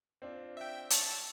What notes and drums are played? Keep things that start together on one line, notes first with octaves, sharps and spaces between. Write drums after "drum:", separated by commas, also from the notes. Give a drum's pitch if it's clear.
C4 D4 F4
E5 G5
A5 C#6 E6, drum: hi-hat